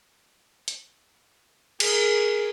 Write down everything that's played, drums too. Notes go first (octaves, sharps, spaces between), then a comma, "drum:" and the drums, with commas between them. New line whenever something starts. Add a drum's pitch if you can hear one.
drum: hi-hat
G#4 A#4, drum: cymbal